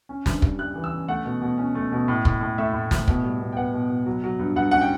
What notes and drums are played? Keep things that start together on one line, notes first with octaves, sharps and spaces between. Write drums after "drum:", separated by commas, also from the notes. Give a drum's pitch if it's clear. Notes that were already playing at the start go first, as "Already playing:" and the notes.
C#4
G2, drum: snare
G3, drum: kick
G3 F#6
E3
E6
C#4
A3 F#5
B2
B2
C#4
A3
B2
A2
A2, drum: kick
A2
A3 E5
A2
A2, drum: snare
B2, drum: kick
G3
B2
G5
B3 F#5
B2
B2
F#3
F#3
G2
G2 F#5
C#4 F#5
G5